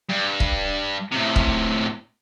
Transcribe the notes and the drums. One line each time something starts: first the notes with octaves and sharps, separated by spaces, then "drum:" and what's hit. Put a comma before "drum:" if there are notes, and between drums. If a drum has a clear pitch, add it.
G2
drum: kick
A2 C3
drum: kick